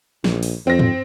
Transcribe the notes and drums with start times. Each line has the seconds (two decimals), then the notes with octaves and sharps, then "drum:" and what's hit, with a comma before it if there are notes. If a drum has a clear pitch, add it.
0.24 A#1, drum: snare
0.43 drum: open hi-hat
0.67 F2 C4 A#6
0.79 drum: tom